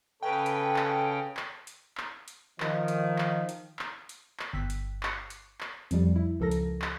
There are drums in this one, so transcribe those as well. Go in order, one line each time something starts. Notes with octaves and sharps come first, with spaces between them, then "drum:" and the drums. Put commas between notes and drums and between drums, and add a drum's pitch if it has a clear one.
C#3 C#4 A4 B4 G5
drum: hi-hat
drum: clap
drum: clap
drum: hi-hat
drum: clap
drum: hi-hat
D#3 F3, drum: clap
drum: hi-hat
drum: clap
drum: hi-hat
drum: clap
drum: hi-hat
drum: clap
G1 G5 E6 F#6 B6
drum: hi-hat
C#6 D6 F#6 C7 C#7, drum: clap
drum: hi-hat
drum: clap
F2 F3 G3, drum: hi-hat
E4
C#2 F3 A4 A#4 A#6
drum: hi-hat
drum: clap